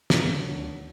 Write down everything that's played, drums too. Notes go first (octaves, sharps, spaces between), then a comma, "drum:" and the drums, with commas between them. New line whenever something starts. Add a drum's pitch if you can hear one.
drum: snare
D2 D#3 F#3 D4